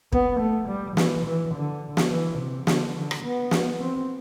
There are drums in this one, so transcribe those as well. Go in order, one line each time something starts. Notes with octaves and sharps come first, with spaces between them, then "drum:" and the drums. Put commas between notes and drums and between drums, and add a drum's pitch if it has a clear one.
B3, drum: kick
A3
G3
E3, drum: snare
E3
D3
drum: snare
E3
C3
D3, drum: snare
D3
drum: rim click
B3
drum: snare
C4